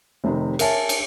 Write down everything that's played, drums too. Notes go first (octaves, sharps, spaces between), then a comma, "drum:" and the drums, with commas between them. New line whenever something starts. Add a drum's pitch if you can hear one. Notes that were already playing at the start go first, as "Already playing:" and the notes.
F1 C3 D#3
A#4 C#5 E5 G#5 A5, drum: cymbal
drum: cymbal